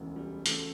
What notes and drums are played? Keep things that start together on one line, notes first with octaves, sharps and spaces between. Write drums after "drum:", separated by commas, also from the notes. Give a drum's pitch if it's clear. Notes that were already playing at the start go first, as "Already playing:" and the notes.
Already playing: E1 D2 C#3 E3
G3
D2 C#3 E3 A3, drum: hi-hat